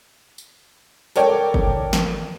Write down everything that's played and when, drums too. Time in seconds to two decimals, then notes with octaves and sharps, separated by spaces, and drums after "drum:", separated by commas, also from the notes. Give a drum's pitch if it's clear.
0.38 drum: tambourine
1.16 A4 A#4 C#5 D5 G5, drum: tambourine
1.54 drum: kick G1
1.93 drum: snare